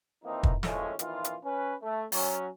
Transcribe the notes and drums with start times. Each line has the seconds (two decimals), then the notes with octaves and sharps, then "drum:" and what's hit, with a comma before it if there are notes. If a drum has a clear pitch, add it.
0.24 F2 E3 A#3 C4 D#4
0.43 drum: kick
0.63 D#2 A2 F3 G#3 A3 C#4, drum: snare
0.99 A#1 D#3 E3 F4, drum: hi-hat
1.24 drum: hi-hat
1.44 C#4 B4
1.82 A3
2.12 F#3 C#4, drum: open hi-hat